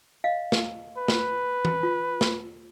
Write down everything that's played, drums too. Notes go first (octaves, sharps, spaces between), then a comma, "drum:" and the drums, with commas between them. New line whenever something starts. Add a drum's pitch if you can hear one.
D#5 F5
drum: snare
B4
drum: snare
drum: tom E3
F4
drum: snare